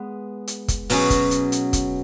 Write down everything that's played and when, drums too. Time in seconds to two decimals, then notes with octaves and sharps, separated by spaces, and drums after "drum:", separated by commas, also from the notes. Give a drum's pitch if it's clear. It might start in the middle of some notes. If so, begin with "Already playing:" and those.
Already playing: G#3 B3
0.47 drum: hi-hat
0.68 drum: kick, hi-hat
0.90 B2 F#3 C#4 G#4, drum: open hi-hat
1.10 drum: kick, hi-hat
1.31 drum: hi-hat
1.52 drum: hi-hat
1.73 drum: kick, hi-hat